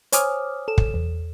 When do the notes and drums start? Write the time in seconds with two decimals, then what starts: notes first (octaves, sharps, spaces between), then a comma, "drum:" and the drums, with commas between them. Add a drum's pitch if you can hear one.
0.12 C5 C#5 G#5 D6 D#6 F6, drum: hi-hat
0.68 A4 E7
0.78 drum: kick
0.94 E2